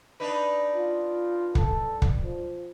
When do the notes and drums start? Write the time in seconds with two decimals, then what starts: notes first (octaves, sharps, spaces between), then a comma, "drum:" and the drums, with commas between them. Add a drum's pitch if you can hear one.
0.20 D4 D#4 B4
0.75 F4
1.55 A4, drum: kick
2.02 drum: kick
2.23 F3